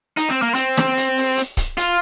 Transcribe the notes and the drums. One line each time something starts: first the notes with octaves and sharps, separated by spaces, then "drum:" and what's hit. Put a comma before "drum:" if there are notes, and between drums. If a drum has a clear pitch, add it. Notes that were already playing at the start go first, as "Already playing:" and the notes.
D#4, drum: hi-hat
C4
A#3
C4, drum: hi-hat
drum: snare
drum: hi-hat
drum: open hi-hat
drum: hi-hat
drum: kick C#1, hi-hat
F4, drum: hi-hat